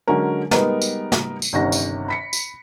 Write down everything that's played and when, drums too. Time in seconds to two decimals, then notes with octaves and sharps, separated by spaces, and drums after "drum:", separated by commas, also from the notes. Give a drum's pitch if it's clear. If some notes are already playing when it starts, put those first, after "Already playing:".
0.07 D3 F#3 G#3 C#4 A#4
0.51 G3 G#3 B3 D#4 A#4 B4, drum: snare
0.82 drum: tambourine
1.12 drum: snare
1.42 drum: tambourine
1.53 G1 C3 D#3 C#4 F#5 A#6
1.72 drum: tambourine
2.08 B5 B6 C#7
2.33 drum: tambourine